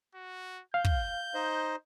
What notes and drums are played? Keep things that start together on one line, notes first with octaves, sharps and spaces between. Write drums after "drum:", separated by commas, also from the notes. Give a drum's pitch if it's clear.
F#4
F5 G6
drum: kick
D#4 C5 D#5